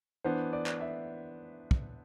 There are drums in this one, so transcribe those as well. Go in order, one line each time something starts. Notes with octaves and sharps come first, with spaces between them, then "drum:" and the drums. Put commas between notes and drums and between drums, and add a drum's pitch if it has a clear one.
E3 B3 D4 C5
D5
drum: clap
E5
drum: kick